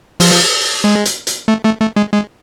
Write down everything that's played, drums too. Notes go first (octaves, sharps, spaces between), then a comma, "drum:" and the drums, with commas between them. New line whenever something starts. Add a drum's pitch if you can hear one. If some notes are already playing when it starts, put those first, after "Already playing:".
F3, drum: open hi-hat
G#3
drum: hi-hat
drum: hi-hat
A3
A3
A3
G#3
G#3